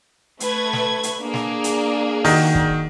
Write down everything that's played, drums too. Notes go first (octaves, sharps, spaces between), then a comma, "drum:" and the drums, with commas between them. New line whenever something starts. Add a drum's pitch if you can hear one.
A3 B4 G#6, drum: hi-hat
drum: snare
drum: hi-hat
A#3 D4 G#4
drum: snare
drum: hi-hat
D#3 F#4, drum: open hi-hat
drum: kick